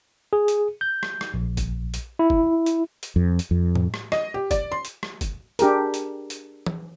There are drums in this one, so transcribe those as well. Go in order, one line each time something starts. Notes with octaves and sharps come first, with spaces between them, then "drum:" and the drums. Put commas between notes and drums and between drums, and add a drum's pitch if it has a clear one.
G#4
drum: hi-hat
G6
drum: rim click
drum: rim click
A#1
drum: kick, hi-hat
drum: hi-hat
E4
drum: kick
drum: hi-hat
drum: hi-hat
F2
drum: hi-hat
F2
drum: tom A2
drum: rim click
D#5, drum: rim click
G4
D5, drum: kick, hi-hat
C6
drum: hi-hat
drum: rim click
drum: kick, hi-hat
D4 G4 G#4 A#4, drum: hi-hat
drum: hi-hat
drum: hi-hat
drum: tom E3